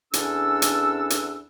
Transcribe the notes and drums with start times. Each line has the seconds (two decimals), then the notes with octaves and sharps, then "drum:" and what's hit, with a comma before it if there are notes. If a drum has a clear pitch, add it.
0.13 E2 C#4 D4 A4 E6, drum: hi-hat
0.62 drum: hi-hat
1.10 drum: hi-hat